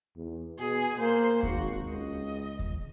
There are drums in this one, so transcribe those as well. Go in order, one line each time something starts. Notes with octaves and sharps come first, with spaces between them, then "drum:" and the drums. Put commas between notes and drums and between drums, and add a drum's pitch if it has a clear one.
E2
B2 G#4
A#3 C5
G#1 F#4, drum: kick D#2
C#2 D#5
drum: kick D#2